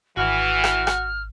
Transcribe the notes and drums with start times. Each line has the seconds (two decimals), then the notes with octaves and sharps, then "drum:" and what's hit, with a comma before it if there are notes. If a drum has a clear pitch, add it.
0.17 G#1 E3 F#4 F6
0.64 drum: rim click
0.87 drum: rim click